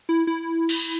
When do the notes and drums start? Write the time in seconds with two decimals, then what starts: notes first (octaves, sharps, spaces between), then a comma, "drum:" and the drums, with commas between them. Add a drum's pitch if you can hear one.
0.09 E4
0.27 E4
0.69 drum: cymbal